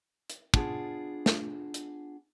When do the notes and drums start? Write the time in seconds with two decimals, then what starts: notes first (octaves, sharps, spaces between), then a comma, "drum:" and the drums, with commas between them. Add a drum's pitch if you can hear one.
0.30 drum: hi-hat
0.54 B3 D4 F4 G#4, drum: kick
1.26 drum: snare
1.74 drum: hi-hat